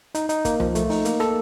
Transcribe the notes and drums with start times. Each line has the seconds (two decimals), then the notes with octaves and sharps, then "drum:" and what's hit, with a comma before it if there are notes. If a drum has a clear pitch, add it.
0.15 D#4, drum: hi-hat
0.29 D#4, drum: hi-hat
0.45 A#3, drum: kick, hi-hat
0.60 F3, drum: tom C2
0.75 A3, drum: hi-hat
0.90 D#4, drum: open hi-hat
1.05 A#3, drum: hi-hat
1.20 A4, drum: rim click